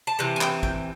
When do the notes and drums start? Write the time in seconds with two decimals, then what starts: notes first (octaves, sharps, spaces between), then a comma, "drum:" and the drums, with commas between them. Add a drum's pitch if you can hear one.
0.07 A5
0.19 C3 E3
0.36 G#5
0.41 G5, drum: clap
0.63 G5, drum: kick A1